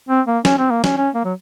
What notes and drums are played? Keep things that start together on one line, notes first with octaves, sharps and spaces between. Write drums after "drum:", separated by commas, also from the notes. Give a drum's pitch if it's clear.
C4
A#3
C#4, drum: snare
C4
A#3
C#4, drum: snare
C#4
A#3
F#3